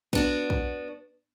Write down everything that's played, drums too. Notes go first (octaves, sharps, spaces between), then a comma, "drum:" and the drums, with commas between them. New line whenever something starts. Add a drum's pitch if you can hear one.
B3 D4 F#4, drum: kick
drum: kick